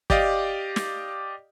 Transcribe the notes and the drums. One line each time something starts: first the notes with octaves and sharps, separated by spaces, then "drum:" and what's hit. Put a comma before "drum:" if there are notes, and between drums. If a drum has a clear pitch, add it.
G4 D5 D#5 F5, drum: kick
drum: snare